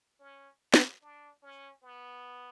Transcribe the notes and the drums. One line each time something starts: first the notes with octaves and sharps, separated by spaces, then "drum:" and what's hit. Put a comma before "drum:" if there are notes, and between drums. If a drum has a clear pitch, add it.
C#4
drum: snare
D4
C#4
B3